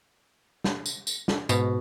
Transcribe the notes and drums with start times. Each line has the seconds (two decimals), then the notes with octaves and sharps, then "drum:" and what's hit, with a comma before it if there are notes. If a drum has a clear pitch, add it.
0.64 drum: snare
0.86 drum: tambourine
1.07 drum: tambourine
1.28 drum: snare
1.49 G#2 B2, drum: tambourine